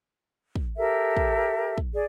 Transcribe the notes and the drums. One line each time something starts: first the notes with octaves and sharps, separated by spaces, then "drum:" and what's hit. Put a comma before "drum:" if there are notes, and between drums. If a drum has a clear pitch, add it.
drum: kick
G4 A4 A#4 E5
drum: kick
drum: kick
G#4 D5